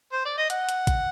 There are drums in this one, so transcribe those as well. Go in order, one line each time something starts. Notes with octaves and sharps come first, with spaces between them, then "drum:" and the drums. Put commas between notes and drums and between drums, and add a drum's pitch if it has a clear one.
C5
D5
D#5
F#5, drum: hi-hat
drum: hi-hat
drum: kick A1, hi-hat